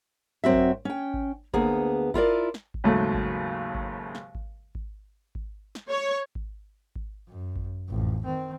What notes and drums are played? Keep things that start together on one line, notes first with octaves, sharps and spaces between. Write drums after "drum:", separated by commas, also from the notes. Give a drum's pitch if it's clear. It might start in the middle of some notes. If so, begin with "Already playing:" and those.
F#2 C4 F#4 E5
drum: kick G#1
C#4 G5
drum: kick G#1
D2 A#3 B3 G#4, drum: kick G#1
E4 F4 A#4 D5, drum: kick G#1
drum: snare
drum: kick G#1
D#2 G#2 C#3 F#3 A3
drum: kick G#1
drum: kick G#1
drum: snare
drum: kick G#1
drum: kick G#1
drum: kick G#1
drum: snare
C#5
drum: kick G#1
drum: kick G#1
F#2
drum: kick G#1
A1 F2
D#3 C4